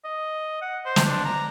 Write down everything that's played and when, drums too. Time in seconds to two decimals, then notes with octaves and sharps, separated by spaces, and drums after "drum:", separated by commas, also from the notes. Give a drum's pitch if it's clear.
0.05 D#5
0.62 F#5
0.86 C5
0.96 drum: snare
1.06 D4
1.25 A#5